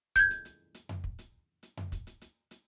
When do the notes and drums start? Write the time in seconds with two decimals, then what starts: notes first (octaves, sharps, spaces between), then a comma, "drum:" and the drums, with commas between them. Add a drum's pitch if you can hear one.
0.16 G6 G#6, drum: kick, hi-hat
0.30 drum: hi-hat
0.45 drum: hi-hat
0.74 drum: hi-hat
0.89 drum: tom F2
1.04 drum: kick
1.19 drum: hi-hat
1.63 drum: hi-hat
1.77 drum: tom F2
1.92 drum: kick, hi-hat
2.07 drum: hi-hat
2.21 drum: hi-hat
2.51 drum: hi-hat